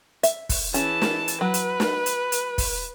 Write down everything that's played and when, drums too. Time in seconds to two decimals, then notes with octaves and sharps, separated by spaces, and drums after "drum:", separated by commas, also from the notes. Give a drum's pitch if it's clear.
0.23 E5, drum: hi-hat
0.49 drum: kick, open hi-hat
0.74 E3 C#4 E4 G#4 A5, drum: hi-hat
1.02 drum: snare
1.28 drum: hi-hat
1.41 F#3 B4
1.54 drum: hi-hat
1.80 drum: snare
2.06 drum: hi-hat
2.32 drum: hi-hat
2.58 drum: kick, open hi-hat